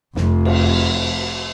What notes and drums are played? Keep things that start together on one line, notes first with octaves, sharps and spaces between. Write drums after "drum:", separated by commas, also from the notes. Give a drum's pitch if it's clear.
F1 F2, drum: snare
drum: cymbal